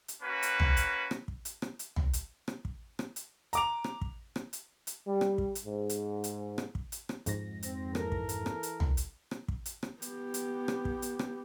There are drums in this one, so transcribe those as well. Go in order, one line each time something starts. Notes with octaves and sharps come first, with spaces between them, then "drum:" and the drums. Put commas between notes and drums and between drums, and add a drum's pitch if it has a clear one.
drum: hi-hat
A#3 C#4 F#4 B4
drum: hi-hat
drum: tom
drum: hi-hat
drum: rim click
drum: kick
drum: hi-hat
drum: rim click
drum: hi-hat
drum: tom
drum: hi-hat
drum: rim click
drum: kick
drum: rim click
drum: hi-hat
A#5 D6 F7, drum: hi-hat
drum: rim click
drum: kick
drum: rim click
drum: hi-hat
drum: hi-hat
G3
drum: rim click
drum: kick
drum: hi-hat
G#2
drum: hi-hat
drum: hi-hat
drum: rim click
drum: kick
drum: hi-hat
drum: rim click
F2 G#2 A#6, drum: hi-hat
C4, drum: hi-hat
E3 A4 A#4, drum: rim click
drum: kick
drum: hi-hat
drum: rim click
drum: hi-hat
drum: tom
drum: hi-hat
drum: rim click
drum: kick
drum: hi-hat
drum: rim click
B3 G4, drum: hi-hat
drum: hi-hat
drum: rim click
drum: kick
drum: hi-hat
drum: rim click